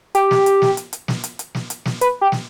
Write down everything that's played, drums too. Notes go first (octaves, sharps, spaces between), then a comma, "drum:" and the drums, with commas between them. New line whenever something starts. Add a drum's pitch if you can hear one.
G4, drum: hi-hat
drum: snare
drum: hi-hat
drum: snare
drum: hi-hat
drum: hi-hat
drum: snare
drum: hi-hat
drum: hi-hat
drum: snare
drum: hi-hat
drum: snare
B4, drum: hi-hat
G4
drum: snare